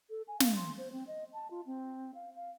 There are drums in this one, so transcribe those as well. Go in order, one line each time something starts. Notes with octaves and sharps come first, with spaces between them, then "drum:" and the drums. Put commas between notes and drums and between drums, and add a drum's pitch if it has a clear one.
A4
G#5
F5, drum: snare
C6
C5
C4
D#5
A5
F4
C4
F5
F5